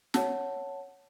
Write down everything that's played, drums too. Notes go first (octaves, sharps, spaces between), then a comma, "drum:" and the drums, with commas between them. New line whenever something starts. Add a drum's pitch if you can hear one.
C#5 F#5 A5, drum: snare